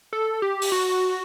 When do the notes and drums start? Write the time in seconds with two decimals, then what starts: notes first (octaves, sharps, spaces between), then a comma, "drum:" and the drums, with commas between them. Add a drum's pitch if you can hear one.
0.13 A4
0.42 G4
0.62 drum: open hi-hat
0.72 F#4